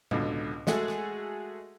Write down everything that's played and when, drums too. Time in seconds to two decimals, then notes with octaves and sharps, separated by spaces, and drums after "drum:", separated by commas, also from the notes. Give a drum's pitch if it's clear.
0.11 C#2 B2 D3, drum: tom
0.67 G#3 A3 F#4 G#4 A4, drum: snare
0.88 drum: rim click